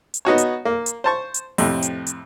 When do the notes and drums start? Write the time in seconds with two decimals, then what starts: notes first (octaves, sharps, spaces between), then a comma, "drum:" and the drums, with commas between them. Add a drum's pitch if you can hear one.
0.14 drum: hi-hat
0.25 B3 D#4 F#4 C#5
0.38 drum: hi-hat
0.65 A#3
0.86 drum: hi-hat
1.04 C5 A5 C#6
1.34 drum: hi-hat
1.58 F2 A2 C3, drum: open hi-hat
1.82 drum: hi-hat
2.07 drum: hi-hat